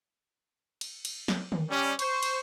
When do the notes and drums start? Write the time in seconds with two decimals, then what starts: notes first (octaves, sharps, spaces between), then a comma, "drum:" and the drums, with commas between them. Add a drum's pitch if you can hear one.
0.81 drum: cymbal
1.05 drum: cymbal
1.28 drum: snare
1.52 drum: tom D3
1.69 G3 C#4
1.99 C5 C#6, drum: cymbal
2.23 drum: cymbal